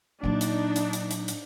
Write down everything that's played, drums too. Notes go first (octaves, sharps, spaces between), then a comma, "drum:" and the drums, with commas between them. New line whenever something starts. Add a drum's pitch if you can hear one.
A#2 F#3 D4 D#4
drum: hi-hat
drum: hi-hat
drum: hi-hat
drum: hi-hat
drum: hi-hat